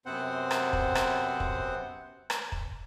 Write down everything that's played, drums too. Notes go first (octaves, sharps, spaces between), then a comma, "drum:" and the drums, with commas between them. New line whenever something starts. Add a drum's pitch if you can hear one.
F#2 C3 B3 C4 C5 F#5
drum: rim click
drum: kick
drum: rim click
drum: kick
drum: rim click
drum: kick